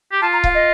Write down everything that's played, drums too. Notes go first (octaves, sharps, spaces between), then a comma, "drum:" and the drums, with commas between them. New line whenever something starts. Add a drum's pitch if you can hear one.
G4
F4 A5
A#5
F5, drum: kick C#1
D#5